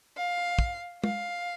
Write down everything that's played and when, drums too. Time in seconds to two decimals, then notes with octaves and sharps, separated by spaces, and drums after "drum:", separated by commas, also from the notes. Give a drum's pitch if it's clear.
0.18 F5
0.59 drum: kick
1.04 F5, drum: tom